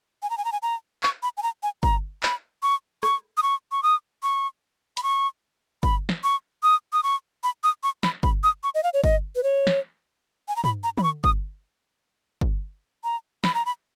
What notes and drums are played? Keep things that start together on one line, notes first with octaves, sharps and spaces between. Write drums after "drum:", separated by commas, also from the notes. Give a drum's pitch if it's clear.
G#5
A#5
G#5
A#5
G#5
A#5
C#6, drum: clap
B5
G#5
A#5
G#5
A#5, drum: kick G1
B5, drum: clap
C#6
C#6, drum: rim click
D#6
C#6
C#6
D#6
C#6
B5, drum: hi-hat
C#6
B5, drum: kick G1
drum: snare
C#6
D#6
D#6
C#6
B5
D#6
C#6
B5, drum: snare
B5, drum: kick G1
D#6
C#6
D#5
F5
C#5
D#5, drum: kick G1
B4
C#5
drum: snare
G#5
A#5
B5, drum: tom
A#5
B5, drum: tom
C#6
D#6, drum: kick G1
drum: kick G1
A#5
B5, drum: snare
A#5
B5